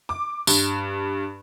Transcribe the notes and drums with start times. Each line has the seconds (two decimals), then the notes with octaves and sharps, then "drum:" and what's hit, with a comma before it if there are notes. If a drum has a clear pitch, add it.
0.09 D6
0.47 G2, drum: tambourine